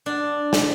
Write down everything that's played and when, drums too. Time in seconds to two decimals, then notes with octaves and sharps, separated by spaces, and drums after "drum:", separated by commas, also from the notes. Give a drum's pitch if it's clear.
0.06 D4
0.53 drum: snare